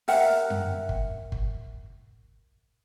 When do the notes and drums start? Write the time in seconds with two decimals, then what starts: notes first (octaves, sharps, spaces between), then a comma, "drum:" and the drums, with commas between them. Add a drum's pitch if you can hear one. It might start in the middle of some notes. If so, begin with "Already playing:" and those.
0.08 A#4 E5 F#5 G5, drum: open hi-hat
0.50 drum: tom F#2
0.89 drum: kick G1
1.32 drum: kick G1